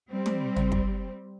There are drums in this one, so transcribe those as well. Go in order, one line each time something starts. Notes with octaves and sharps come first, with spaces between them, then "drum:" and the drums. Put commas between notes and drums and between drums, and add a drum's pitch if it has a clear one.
G3 C4
drum: tom
drum: tom
drum: kick